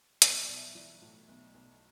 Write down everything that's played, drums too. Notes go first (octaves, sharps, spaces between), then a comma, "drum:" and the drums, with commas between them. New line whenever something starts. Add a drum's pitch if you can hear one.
B1, drum: hi-hat
E5
B1 D5
E5
E3 D5
A2
B1
B1